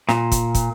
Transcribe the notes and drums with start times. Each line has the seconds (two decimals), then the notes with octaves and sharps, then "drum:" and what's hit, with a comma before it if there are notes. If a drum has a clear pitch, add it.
0.09 A#2, drum: snare
0.32 drum: kick, hi-hat
0.55 drum: kick, hi-hat